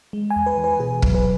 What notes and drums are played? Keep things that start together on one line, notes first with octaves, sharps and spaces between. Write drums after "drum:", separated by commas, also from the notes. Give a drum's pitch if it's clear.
G#3
G#5
E2
B4
E3
B4
B2 G#4
F#3, drum: kick
B4